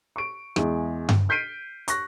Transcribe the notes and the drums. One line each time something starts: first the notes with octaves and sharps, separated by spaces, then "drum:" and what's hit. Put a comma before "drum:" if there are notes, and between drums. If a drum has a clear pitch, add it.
C#6 D7
E2 E3 G#3, drum: rim click
drum: tom G2
F6 G6 B6 C7 D7 D#7
C#6 F#6 A#6, drum: hi-hat